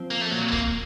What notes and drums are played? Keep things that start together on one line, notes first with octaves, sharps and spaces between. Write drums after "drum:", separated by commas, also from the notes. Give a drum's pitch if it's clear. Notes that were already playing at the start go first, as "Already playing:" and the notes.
Already playing: F3 C4
A#3
A3
A#2 F#3
A#3, drum: kick